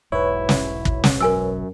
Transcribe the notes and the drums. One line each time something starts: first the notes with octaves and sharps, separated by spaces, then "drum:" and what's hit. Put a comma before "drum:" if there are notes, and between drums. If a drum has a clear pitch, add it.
E1 B1 G#2 E4 B4 C#5
drum: snare
drum: kick
drum: snare
F#2 A#4 G#5 E6